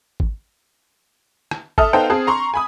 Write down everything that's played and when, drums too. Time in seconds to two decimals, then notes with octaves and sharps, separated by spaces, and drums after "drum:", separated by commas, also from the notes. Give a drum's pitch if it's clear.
0.20 drum: kick G#1
1.51 drum: rim click
1.78 A4 E5 D#6 F6, drum: kick G#1
1.93 B3 D#4 A4 C5 F5 G5
2.10 C4 G#4 A5
2.27 A#5 C6 C#6
2.54 G#5 B5 D#6